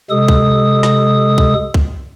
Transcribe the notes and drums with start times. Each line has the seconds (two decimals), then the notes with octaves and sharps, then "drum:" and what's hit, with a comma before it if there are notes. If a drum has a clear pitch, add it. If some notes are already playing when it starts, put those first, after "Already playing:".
0.10 C3 G#3 A4 D#6
0.28 drum: kick C2
0.83 drum: snare
1.38 drum: kick C2
1.74 drum: kick C2